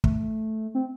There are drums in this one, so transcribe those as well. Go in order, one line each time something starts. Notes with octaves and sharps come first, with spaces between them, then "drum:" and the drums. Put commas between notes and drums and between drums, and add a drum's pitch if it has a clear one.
A3, drum: kick
C4